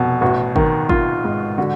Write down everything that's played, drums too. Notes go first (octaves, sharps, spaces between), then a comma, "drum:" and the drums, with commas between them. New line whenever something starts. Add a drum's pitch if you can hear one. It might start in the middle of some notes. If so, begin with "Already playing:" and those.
Already playing: F1 B2
A1 F#4
D#3, drum: kick
D#3 F4, drum: kick
G#2
D3 F#4